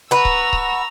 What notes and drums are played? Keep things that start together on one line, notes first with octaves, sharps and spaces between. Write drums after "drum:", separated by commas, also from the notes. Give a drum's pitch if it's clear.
B4 F#5 A#5 C#6 E6
drum: kick C#1
drum: kick C#1